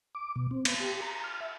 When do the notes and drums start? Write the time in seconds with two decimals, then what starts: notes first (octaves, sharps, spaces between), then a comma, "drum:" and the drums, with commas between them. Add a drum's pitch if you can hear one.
0.15 D6
0.36 B2
0.51 C4
0.65 B3, drum: cymbal
0.80 G4
1.02 A#5
1.24 F6
1.41 E5